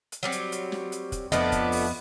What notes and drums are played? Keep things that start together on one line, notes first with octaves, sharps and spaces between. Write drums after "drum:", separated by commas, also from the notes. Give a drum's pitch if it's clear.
drum: hi-hat
F#3 G3 C4
drum: hi-hat
drum: hi-hat
drum: snare
drum: hi-hat
drum: kick, hi-hat
F2 F3 A3 B3 D4 D#5, drum: hi-hat
drum: kick, hi-hat
drum: open hi-hat